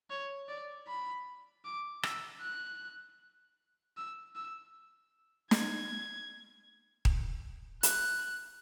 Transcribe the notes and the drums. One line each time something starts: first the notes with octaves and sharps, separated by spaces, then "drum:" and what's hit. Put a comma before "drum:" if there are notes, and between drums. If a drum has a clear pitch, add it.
C#5
D5
B5
D6
E6, drum: rim click
F#6
E6
E6
G#6, drum: snare
drum: kick D#1
F#6, drum: hi-hat